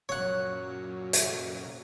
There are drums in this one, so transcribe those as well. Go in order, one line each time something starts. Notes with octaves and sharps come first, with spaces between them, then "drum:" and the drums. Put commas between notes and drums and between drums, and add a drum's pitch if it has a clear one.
F#2 A#2 C#3 F#3 C#5 F#5
drum: hi-hat